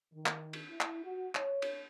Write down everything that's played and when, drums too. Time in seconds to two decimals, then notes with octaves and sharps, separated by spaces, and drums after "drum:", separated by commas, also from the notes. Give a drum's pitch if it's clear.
0.13 D#3
0.26 drum: clap
0.53 drum: cymbal
0.69 E4
0.80 drum: clap
1.04 F#4
1.35 C#5, drum: clap
1.62 drum: cymbal